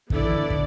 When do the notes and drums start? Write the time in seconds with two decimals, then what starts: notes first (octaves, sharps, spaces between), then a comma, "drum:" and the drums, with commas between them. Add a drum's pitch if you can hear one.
0.10 D3 B3 E4 A4 D5, drum: kick
0.24 E3
0.37 D3
0.50 drum: kick